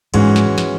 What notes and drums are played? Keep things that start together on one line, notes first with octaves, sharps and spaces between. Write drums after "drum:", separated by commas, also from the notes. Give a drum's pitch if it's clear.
G#2 E3 G#3 C#4 F#4, drum: cymbal
drum: snare
drum: snare